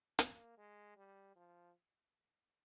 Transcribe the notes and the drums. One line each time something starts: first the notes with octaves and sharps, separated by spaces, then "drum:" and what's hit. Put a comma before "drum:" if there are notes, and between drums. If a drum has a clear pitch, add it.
A#3, drum: hi-hat
G#3
G3
F3